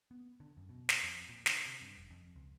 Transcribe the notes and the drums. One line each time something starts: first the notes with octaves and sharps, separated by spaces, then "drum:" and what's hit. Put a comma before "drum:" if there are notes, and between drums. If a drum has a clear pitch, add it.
B3
D3
F#2
B2
drum: snare
F2
A#2
D3, drum: snare
C3
G2
F1
F2
C#2